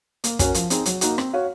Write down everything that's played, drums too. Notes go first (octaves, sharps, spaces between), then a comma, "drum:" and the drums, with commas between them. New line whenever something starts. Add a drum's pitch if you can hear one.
A#3, drum: hi-hat
C#4 F#4 A#4, drum: kick, hi-hat
F3, drum: hi-hat
C4 D#4 G#4, drum: hi-hat
F#3, drum: hi-hat
A#3 D#4 F#4, drum: hi-hat
C4, drum: rim click
F#4 C#5 F5